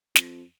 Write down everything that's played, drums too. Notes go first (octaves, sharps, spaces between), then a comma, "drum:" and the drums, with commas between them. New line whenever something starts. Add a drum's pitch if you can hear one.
F2, drum: snare